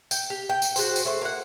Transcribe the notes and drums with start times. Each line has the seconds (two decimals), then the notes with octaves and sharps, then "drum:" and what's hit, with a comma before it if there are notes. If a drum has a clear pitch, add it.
0.11 G5, drum: tambourine
0.30 G4
0.49 G5
0.62 drum: tambourine
0.76 F#4 G#4 C5, drum: tambourine
0.96 drum: tambourine
1.05 A3 C5
1.21 A#3 F#5